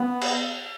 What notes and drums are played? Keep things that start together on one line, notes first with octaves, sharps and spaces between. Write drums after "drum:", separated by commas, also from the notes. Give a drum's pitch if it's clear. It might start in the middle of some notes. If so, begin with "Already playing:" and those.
Already playing: B3
drum: cymbal